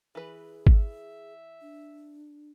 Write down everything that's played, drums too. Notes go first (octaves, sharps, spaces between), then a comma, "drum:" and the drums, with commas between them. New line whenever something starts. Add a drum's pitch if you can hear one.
E3 G#4 B4
E5, drum: kick G#1
D4